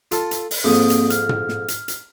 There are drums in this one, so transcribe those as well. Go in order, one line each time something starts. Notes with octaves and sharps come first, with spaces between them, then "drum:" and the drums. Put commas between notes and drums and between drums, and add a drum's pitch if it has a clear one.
F4 A4, drum: hi-hat
drum: hi-hat
drum: open hi-hat
F2 G#2 A#3 C4 D#6
drum: hi-hat
F6, drum: hi-hat
drum: tom
drum: snare
drum: hi-hat
drum: hi-hat